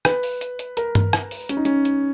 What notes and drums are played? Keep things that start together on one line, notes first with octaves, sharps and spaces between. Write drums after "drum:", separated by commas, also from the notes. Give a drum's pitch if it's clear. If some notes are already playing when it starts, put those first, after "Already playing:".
B4, drum: rim click
drum: open hi-hat
drum: hi-hat
drum: hi-hat
A#4, drum: hi-hat
drum: tom G2
drum: rim click
drum: open hi-hat
C#4, drum: hi-hat
D#4
C#4, drum: hi-hat
drum: hi-hat